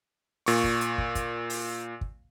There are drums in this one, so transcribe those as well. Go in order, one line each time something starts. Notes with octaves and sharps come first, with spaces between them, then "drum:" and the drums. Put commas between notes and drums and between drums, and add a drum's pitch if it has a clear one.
A#2 C#6, drum: open hi-hat
drum: kick
drum: hi-hat
drum: kick
drum: kick, hi-hat
drum: open hi-hat
drum: kick